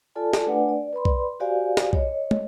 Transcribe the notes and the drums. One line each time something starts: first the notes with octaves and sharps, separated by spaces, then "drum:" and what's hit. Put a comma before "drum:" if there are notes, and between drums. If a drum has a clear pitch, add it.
F4 A4 D5 G#5 A5
drum: snare
A3 D4 B4 D5 F#5 G#5
D5
B4 D5 B5 C6
drum: kick B1
F#4 G4 C5 D5 F5 G#5
drum: snare
C#5 D#5, drum: kick B1
drum: tom